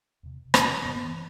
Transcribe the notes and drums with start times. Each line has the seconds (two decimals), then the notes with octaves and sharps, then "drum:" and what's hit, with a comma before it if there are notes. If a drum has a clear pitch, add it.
0.23 E2 C3
0.54 E2 C3, drum: rim click
0.85 G2 D3 B3
0.96 B3
1.05 E3